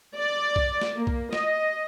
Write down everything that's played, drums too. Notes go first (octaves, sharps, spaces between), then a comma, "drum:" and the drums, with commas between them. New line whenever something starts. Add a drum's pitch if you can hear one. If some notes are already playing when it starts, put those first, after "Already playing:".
D5
drum: kick B1
drum: snare
A#3
drum: kick B1
D#5, drum: snare